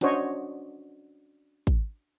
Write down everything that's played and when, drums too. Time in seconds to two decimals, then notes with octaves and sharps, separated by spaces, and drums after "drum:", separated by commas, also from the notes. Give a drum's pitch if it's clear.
0.01 C#4 D4 F#4 C5 C#5 D#5, drum: hi-hat
1.67 drum: kick